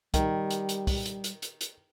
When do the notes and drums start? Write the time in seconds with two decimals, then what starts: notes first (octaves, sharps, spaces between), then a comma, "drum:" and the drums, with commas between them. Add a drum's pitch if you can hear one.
0.14 D#3 G3, drum: kick, hi-hat
0.50 drum: hi-hat
0.69 drum: hi-hat
0.87 drum: kick, open hi-hat
1.06 drum: hi-hat
1.24 drum: hi-hat
1.42 drum: hi-hat
1.61 drum: hi-hat